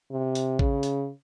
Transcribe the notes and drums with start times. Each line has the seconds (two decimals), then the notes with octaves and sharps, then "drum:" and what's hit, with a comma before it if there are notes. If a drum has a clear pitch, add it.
0.11 C3
0.35 drum: hi-hat
0.59 C#3, drum: kick
0.83 drum: hi-hat